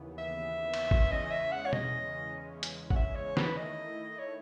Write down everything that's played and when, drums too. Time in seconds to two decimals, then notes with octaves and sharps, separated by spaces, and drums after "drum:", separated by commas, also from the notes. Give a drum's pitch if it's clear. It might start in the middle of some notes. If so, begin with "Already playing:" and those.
Already playing: D#2 C#3 E3 B3
0.18 E5
0.74 drum: cymbal
0.91 drum: kick G#1
1.11 E2 C#3 G#3 C#4 D#5
1.31 E5
1.52 F#5
1.66 C#5
1.73 D#5, drum: tom B2
2.63 drum: hi-hat
2.90 F#5, drum: kick G#1
2.96 E5
3.15 C#5
3.37 B4, drum: snare
3.57 D#3 A3 E4 D#5
4.19 C#5